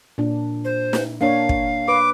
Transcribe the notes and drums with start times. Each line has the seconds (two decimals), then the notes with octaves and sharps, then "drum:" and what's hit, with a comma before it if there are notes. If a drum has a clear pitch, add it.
0.18 A#2 D4
0.65 C5
0.93 drum: snare
1.21 A#3 D4 C#5 F5
1.49 drum: kick
1.88 B4 D6